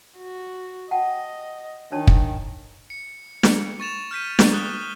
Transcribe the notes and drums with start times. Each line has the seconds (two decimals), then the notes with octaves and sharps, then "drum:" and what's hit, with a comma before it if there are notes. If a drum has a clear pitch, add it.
0.17 F#4
0.91 D#5 F#5 G5 A5
1.92 D#3 D4 C#5 A5
2.07 drum: kick
2.90 C#7
3.43 drum: snare
3.80 C#6 A6 E7 F7
4.11 F6 G6 B6 D#7
4.39 drum: snare
4.53 D#6 F#6 G7